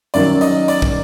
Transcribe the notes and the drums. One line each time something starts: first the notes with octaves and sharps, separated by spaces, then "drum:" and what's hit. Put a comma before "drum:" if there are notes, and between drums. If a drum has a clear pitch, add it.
F#2 D#3 F#3 D5, drum: hi-hat
D#5, drum: hi-hat
D5, drum: hi-hat
drum: kick